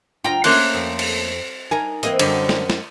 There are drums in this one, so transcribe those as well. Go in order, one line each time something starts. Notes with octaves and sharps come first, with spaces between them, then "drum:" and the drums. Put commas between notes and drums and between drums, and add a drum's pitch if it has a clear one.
D2 F4 G5 A#5
A3 A#3 C#4 C5 C6 F#6, drum: cymbal
F2
drum: cymbal
D#4 A#4 G#5
E3 A#3 C4 D#5, drum: hi-hat
F#2 D3 G3 C4, drum: cymbal
drum: snare
drum: snare